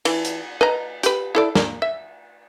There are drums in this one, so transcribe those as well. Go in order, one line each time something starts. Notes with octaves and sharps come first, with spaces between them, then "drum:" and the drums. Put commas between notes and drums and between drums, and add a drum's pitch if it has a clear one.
E3, drum: cymbal
drum: hi-hat
B4 D#5 A#5
G4 B4, drum: hi-hat
E4 A4 D5
A#3, drum: snare
E5